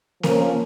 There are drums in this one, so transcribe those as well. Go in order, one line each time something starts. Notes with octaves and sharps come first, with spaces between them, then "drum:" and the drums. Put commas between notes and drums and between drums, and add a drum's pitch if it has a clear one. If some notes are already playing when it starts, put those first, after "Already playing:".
F3 A#3 C#4 A#4, drum: snare A#3